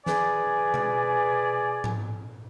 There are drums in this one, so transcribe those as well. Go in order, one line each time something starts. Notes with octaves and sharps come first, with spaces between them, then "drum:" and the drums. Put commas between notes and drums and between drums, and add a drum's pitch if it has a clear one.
G#4 B4 D5 G#5, drum: snare
drum: tom B2
drum: tom G#2